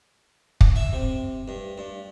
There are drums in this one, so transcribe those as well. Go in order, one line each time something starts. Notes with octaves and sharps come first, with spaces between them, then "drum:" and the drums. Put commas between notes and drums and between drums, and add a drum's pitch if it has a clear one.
drum: kick
E5
C3
G2
G2